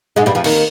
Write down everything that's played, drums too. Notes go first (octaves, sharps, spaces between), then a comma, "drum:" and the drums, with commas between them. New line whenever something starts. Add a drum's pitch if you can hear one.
G#2 G#3
G2 G3
F2 F3
D#2 D#3, drum: cymbal